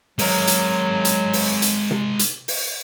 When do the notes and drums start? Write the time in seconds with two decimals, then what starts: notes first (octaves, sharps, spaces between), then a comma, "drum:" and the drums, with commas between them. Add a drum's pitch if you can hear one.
0.19 F#3 G#3 A#4, drum: open hi-hat
0.47 drum: hi-hat
1.05 drum: hi-hat
1.33 drum: open hi-hat
1.62 drum: hi-hat
1.91 drum: tom C3
2.19 drum: hi-hat
2.48 drum: open hi-hat